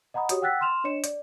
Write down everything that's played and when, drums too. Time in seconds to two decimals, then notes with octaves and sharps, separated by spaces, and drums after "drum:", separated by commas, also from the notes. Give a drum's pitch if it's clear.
0.14 D#5 F#5 A#5 B5 D#6
0.29 F#4 G4 C#5 D#6, drum: hi-hat
0.42 F#5 G5 E6 F#6 A6 B6
0.61 C6 F6 E7 F7
0.84 D4 C#5 D#5 C#7 E7
1.04 D5, drum: hi-hat